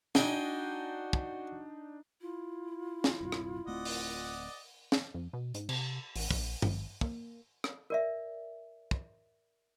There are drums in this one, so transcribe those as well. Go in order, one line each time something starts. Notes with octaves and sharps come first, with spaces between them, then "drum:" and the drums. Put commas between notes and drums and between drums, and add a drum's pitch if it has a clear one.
D4 D#4 F#4 D#5 G5 G#5, drum: snare
drum: kick
E4 F4
drum: snare
D#1 G2 C3
drum: rim click
D1 A3 C4 D5 D#5 F#5
drum: open hi-hat
drum: snare
F2
B2
G#2, drum: hi-hat
C3, drum: cymbal
A1, drum: open hi-hat
A#1, drum: kick
G#1, drum: tom
A#3, drum: kick
drum: rim click
A#4 D5 E5
drum: kick